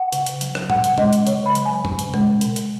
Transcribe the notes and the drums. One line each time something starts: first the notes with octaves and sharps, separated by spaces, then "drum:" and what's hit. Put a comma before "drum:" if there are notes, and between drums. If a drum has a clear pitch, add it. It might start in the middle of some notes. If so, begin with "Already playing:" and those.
Already playing: F#5
C#3, drum: hi-hat
drum: hi-hat
F#3, drum: hi-hat
drum: rim click
C#3 F#5, drum: tom A#2
drum: hi-hat
G#3 D#5, drum: tom
drum: hi-hat
C#3 C#5, drum: hi-hat
B5
F#3, drum: hi-hat
G#5
C#3, drum: tom E2
drum: hi-hat
G#3, drum: tom
B2, drum: hi-hat
drum: hi-hat